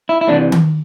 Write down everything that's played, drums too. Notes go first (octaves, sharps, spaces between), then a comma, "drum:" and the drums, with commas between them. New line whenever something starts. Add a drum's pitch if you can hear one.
E4
E4
C3 E3 D4
drum: tom D#3